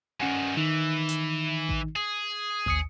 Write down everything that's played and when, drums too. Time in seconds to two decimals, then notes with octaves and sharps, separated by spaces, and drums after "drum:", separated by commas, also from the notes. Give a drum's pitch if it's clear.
0.20 G2 D#3 C#4 F#5 G#5
0.57 D#3 E3 D#4
1.09 drum: hi-hat
1.69 drum: kick A1
1.96 G#4
2.66 D#2 D#6 C#7, drum: kick A1